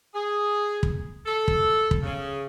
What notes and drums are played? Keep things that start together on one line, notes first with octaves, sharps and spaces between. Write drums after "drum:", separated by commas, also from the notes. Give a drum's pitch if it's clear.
G#4
drum: kick
A4
drum: kick
drum: kick
C#3